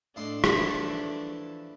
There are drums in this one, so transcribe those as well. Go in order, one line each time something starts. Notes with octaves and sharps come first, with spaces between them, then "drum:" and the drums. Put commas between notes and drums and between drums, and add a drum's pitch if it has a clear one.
A2 D4 A4 D#5 C6
drum: rim click
E3 F3 E4